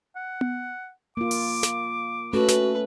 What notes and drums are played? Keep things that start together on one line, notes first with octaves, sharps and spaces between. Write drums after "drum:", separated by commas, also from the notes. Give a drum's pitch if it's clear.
F#5
drum: tom B3
A#3 F4 D6
drum: open hi-hat
drum: snare
A3 C#4 F#4 A4 B4
drum: snare